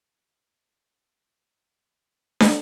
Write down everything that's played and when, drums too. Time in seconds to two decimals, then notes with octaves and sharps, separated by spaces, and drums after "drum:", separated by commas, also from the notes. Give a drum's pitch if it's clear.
0.18 B3 F4 A4
2.40 drum: snare